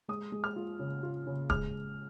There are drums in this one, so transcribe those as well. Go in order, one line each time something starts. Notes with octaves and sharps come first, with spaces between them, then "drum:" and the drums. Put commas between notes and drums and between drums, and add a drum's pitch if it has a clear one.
G#3 D#6
G#3
F6
F4
C#3
F4
C#3
G#3 F6, drum: kick D1